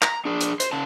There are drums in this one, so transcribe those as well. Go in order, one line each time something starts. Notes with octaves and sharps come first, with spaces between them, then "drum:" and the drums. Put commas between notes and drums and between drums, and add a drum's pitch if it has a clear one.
A#5, drum: clap
D4 G#4
drum: hi-hat
C5, drum: hi-hat
C#3 A5